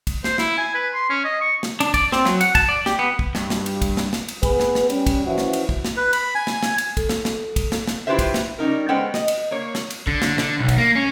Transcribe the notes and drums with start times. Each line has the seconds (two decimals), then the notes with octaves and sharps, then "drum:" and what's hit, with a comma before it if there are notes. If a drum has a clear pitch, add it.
0.07 drum: kick, cymbal
0.24 C5, drum: snare
0.38 E4, drum: snare
0.58 G#5
0.75 B4
0.94 C6
1.10 C#4
1.25 D#5
1.41 C#6
1.63 drum: snare
1.80 D4, drum: cymbal
1.94 D5, drum: kick, cymbal
2.12 C4, drum: snare
2.25 F#3, drum: snare
2.41 F#5, drum: cymbal
2.55 A5, drum: kick, cymbal
2.69 D5
2.86 G4, drum: snare
2.99 B3
3.19 drum: kick
3.35 G2, drum: snare
3.50 drum: snare
3.66 drum: cymbal
3.82 drum: kick, cymbal
3.97 drum: snare
4.13 drum: snare
4.28 drum: cymbal
4.43 B3 G#4 B4, drum: kick, cymbal
4.60 drum: snare
4.75 drum: snare
4.90 G3 C#4, drum: cymbal
5.06 drum: kick, cymbal
5.25 E3 F3 C#4 E4 F#4
5.38 drum: snare
5.53 drum: cymbal
5.69 drum: kick
5.85 drum: snare
5.97 B4
6.13 B5, drum: cymbal
6.35 G#5
6.47 drum: snare
6.63 drum: snare
6.78 drum: cymbal
6.97 A4, drum: kick, cymbal
7.09 drum: snare
7.25 drum: snare
7.56 drum: kick, cymbal
7.72 drum: snare
7.87 drum: snare
8.07 E4 F4 G4 B4 C5 E5
8.19 drum: kick, cymbal
8.34 drum: snare
8.58 G3 C#4 D#4 A#4
8.89 G#3 B3 C#4 A4 C5 G5
9.14 D#5, drum: snare
9.28 drum: cymbal
9.51 A#3 C#5
9.75 drum: snare
9.90 drum: cymbal
10.07 D3, drum: kick
10.22 drum: snare
10.38 D3, drum: snare
10.59 B1
10.68 drum: kick, cymbal
10.78 A#3
10.95 C#4